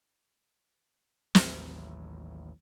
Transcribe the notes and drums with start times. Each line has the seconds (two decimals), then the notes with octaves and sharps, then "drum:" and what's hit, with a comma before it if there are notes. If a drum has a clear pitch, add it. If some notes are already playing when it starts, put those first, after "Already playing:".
1.35 A1 D#2 A2 F#3, drum: snare